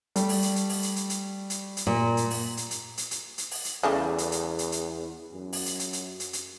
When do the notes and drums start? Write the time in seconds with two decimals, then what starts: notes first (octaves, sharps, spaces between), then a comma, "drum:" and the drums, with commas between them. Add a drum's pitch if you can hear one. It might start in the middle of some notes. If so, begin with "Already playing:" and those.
0.16 G3 A3, drum: hi-hat
0.29 drum: open hi-hat
0.42 drum: hi-hat
0.56 drum: hi-hat
0.69 drum: open hi-hat
0.83 drum: hi-hat
0.96 drum: hi-hat
1.10 drum: hi-hat
1.50 drum: hi-hat
1.77 drum: hi-hat
1.87 A#2
2.17 drum: hi-hat
2.30 drum: open hi-hat
2.57 drum: hi-hat
2.71 drum: hi-hat
2.98 drum: hi-hat
3.11 drum: hi-hat
3.38 drum: hi-hat
3.51 drum: open hi-hat
3.65 drum: hi-hat
3.83 E2 C#3 G3 A3
4.18 drum: hi-hat
4.32 drum: hi-hat
4.59 drum: hi-hat
4.72 drum: hi-hat
5.33 F#2
5.53 drum: open hi-hat
5.66 drum: hi-hat
5.79 drum: hi-hat
5.93 drum: hi-hat
6.20 drum: hi-hat
6.33 drum: hi-hat